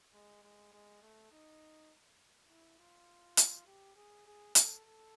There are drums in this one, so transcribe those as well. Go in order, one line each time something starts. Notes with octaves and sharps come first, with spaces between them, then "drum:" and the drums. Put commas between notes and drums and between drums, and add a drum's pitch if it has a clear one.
G#3
G#3
G#3
A3
D#4
E4
F4
drum: hi-hat
G4
G#4
G#4
A4, drum: hi-hat
A4